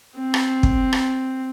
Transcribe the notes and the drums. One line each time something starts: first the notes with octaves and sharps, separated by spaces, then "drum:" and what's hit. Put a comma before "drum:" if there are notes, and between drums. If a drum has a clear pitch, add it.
C4
drum: rim click
drum: kick
drum: rim click